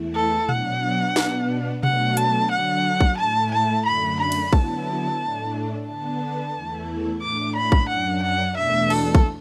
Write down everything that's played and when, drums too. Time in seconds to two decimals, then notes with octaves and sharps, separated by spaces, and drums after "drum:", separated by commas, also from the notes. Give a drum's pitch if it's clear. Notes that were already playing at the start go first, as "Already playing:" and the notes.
Already playing: E2 E3 A3 E4
0.15 A4
0.49 B2 F#3 D4 F#5, drum: tom A#2
1.16 B2 B3 D4, drum: snare
1.83 B2 F#3 A3 D4 F#5, drum: tom B2
2.17 A5, drum: hi-hat
2.51 D3 F#3 D4 F#5
3.01 drum: kick A#1
3.18 A2 A3 E4 A5
3.51 A5
3.85 F#2 D3 A3 D4 B5
4.20 B5
4.32 drum: cymbal
4.53 D3 F#3 B3 E4 A5, drum: kick A#1
5.20 A2 A3 D4
5.87 D3 B3 D4 A5
6.54 E2 E3 A3 E4
7.22 A2 A3 D4 D6
7.56 B5
7.72 drum: kick A#1
7.89 F#2 F#3 D4 F#5
8.23 F#5
8.56 E2 B2 A3 D4 E5
8.90 A4, drum: cymbal
9.15 drum: kick A#1